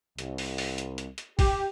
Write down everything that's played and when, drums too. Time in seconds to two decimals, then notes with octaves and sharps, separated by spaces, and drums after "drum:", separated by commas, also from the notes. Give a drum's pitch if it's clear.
0.19 C2, drum: hi-hat
0.38 drum: open hi-hat
0.58 drum: open hi-hat
0.78 drum: hi-hat
0.98 drum: hi-hat
1.18 drum: hi-hat
1.39 G4, drum: kick, open hi-hat